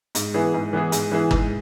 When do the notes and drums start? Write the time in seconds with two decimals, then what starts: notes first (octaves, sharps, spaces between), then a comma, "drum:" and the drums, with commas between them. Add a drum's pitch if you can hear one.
0.15 G#2, drum: hi-hat
0.34 E3 B3 E4 G#4
0.54 G#2
0.73 E3 B3 E4 G#4
0.92 G#2, drum: hi-hat
1.12 E3 B3 E4 G#4
1.31 G#2, drum: kick